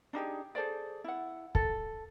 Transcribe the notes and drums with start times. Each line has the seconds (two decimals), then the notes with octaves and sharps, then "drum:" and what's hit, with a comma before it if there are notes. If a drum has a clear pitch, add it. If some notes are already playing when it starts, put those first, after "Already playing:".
0.13 D4 D#4 G4 G#4
0.55 G#4 A4 C5 D5
1.04 E4 F#5
1.55 A4, drum: kick